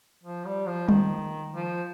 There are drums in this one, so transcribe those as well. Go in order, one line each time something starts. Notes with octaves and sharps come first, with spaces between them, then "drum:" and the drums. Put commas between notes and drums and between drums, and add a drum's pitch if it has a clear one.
F3
G3
F3
D#3, drum: tom G3
F3